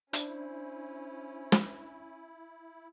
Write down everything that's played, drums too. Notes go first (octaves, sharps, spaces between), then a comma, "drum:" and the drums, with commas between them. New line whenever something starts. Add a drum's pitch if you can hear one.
C#4 D4 E4 C5 G#5, drum: hi-hat
drum: snare